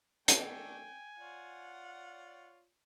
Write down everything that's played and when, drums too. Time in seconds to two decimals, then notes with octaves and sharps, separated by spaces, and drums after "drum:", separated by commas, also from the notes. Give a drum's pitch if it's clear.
0.28 A3 D4 A4 G5 G#5, drum: hi-hat
1.19 F4 C#5 D5 F#5